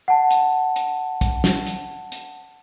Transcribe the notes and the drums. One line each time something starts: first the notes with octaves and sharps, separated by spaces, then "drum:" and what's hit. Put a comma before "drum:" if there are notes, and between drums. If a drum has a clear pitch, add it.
F#5 A5
drum: hi-hat
drum: hi-hat
drum: kick, hi-hat
drum: snare
drum: hi-hat
drum: hi-hat